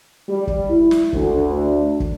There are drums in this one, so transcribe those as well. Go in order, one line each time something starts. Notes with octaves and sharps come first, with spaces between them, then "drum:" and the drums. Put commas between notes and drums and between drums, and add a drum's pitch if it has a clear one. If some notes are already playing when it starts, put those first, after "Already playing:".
G3
drum: kick
E4
drum: snare
D2, drum: kick
drum: kick